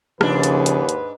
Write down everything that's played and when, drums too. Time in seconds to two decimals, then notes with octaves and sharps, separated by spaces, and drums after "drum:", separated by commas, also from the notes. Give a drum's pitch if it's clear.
0.21 D#2 G#2 C#3 F3 D4 B4, drum: rim click
0.43 drum: hi-hat
0.66 drum: hi-hat
0.89 drum: hi-hat